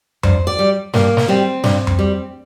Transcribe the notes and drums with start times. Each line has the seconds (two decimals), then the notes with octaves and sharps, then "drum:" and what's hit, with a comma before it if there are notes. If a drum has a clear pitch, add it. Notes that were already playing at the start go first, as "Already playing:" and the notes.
0.23 G2 C5, drum: tom F2
0.47 D5
0.59 G3
0.93 G2 A#3, drum: snare
1.17 drum: snare
1.28 G3 C4
1.64 G2, drum: snare
1.87 drum: tom F2
1.99 G3